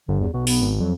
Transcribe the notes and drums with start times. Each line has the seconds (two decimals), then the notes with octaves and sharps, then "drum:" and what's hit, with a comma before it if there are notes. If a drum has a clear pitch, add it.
0.08 G1 D3
0.20 E2
0.34 B1 F#4
0.47 B3, drum: open hi-hat
0.61 G#1
0.81 F2 F#3